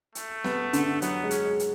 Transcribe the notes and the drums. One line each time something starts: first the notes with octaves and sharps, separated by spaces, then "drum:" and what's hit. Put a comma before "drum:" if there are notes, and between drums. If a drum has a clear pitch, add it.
A3, drum: hi-hat
B3, drum: snare
D3, drum: hi-hat
F#3 B3, drum: hi-hat
G#3
C#4, drum: hi-hat
G#3
drum: hi-hat